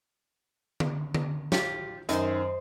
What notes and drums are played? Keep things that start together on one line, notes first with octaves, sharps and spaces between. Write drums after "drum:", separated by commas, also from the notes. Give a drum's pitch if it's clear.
drum: tom D3
drum: tom D3
F4 G4, drum: snare
F#2 D#3 C5 D#5, drum: hi-hat